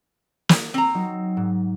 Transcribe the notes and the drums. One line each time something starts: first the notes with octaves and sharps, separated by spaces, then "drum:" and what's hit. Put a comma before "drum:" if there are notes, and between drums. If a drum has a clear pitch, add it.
drum: snare
C4 A#5
F#3 D#4
G#2